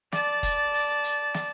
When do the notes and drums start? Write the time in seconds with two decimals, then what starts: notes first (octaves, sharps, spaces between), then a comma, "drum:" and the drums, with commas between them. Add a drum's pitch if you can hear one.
0.12 D5 A5, drum: snare
0.43 drum: kick, hi-hat
0.73 drum: open hi-hat
1.04 drum: hi-hat
1.34 drum: snare